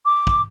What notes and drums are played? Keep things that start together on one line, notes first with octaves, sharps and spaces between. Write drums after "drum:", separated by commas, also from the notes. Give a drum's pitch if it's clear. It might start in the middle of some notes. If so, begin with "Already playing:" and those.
D6
drum: kick